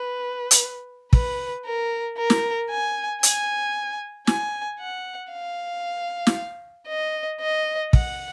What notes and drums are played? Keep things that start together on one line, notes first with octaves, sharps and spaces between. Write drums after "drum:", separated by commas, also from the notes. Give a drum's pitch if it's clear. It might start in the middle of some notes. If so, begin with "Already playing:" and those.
Already playing: B4
drum: hi-hat
B4, drum: kick
A#4
A#4
drum: snare
G#5
G#5, drum: hi-hat
G#5, drum: snare
F#5
F5
drum: snare
D#5
D#5
F#5, drum: kick